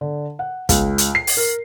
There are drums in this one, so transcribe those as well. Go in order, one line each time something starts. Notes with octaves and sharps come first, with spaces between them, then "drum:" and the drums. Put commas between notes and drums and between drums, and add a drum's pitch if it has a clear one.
D3
F#5
C#2, drum: kick, hi-hat
drum: hi-hat
C7
drum: open hi-hat
A#4